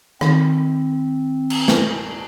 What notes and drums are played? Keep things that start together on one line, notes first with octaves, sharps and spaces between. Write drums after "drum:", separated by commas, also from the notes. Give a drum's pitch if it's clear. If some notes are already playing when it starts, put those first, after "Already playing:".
D#3 C4, drum: rim click
drum: cymbal
drum: snare